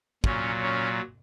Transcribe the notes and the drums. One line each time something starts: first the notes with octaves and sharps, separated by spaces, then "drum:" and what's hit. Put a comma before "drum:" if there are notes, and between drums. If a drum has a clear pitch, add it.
A#2 F#3 C#4, drum: kick
C#4